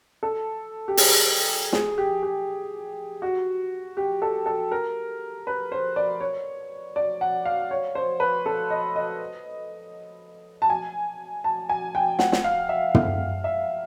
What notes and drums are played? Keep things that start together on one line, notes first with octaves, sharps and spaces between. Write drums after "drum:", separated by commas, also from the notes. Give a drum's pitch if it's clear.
A4
G4
G#4, drum: open hi-hat
G#4, drum: snare
G4
G4
F#4
G4
A4
A4
A#4
B4
C5
D5
C#5
D5
F#5
F5
C#5
C5
B4
A4
D#5
D#5
A5
G#5
A5
G#5
G5
F#5, drum: snare
drum: snare
F5
E5
E5, drum: tom
E5